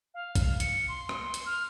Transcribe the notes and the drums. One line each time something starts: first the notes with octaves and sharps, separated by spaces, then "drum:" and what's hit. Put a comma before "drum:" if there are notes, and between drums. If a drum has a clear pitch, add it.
F5
drum: kick, hi-hat
C#7, drum: hi-hat
C6
drum: rim click
drum: hi-hat
F6